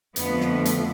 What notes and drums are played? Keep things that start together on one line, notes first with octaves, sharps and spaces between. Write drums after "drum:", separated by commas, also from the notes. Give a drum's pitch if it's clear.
F2 D3 F3 A3 B3, drum: hi-hat
drum: snare
drum: hi-hat